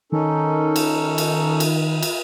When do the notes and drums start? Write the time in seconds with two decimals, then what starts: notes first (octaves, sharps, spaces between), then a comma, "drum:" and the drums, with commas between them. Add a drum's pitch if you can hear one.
0.12 D#3 C#4 D#4 A4
0.76 drum: cymbal
1.18 drum: cymbal
1.60 drum: cymbal
2.03 drum: cymbal